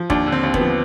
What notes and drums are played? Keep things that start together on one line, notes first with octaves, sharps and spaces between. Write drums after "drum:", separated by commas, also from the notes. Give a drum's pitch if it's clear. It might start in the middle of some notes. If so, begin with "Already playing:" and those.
Already playing: F3
D#2 D4, drum: kick
D3
C4
D#2
B3, drum: kick
F3